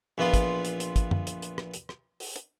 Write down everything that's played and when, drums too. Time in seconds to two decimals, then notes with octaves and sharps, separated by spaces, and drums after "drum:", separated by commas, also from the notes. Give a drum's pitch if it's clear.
0.18 A#1 E3 B3 F4 C6
0.34 drum: kick, hi-hat
0.65 drum: hi-hat
0.80 drum: hi-hat
0.96 drum: kick, hi-hat
1.11 drum: tom F#2
1.27 drum: hi-hat
1.42 drum: hi-hat
1.58 drum: rim click
1.74 drum: hi-hat
1.89 drum: rim click
2.20 drum: open hi-hat
2.36 drum: hi-hat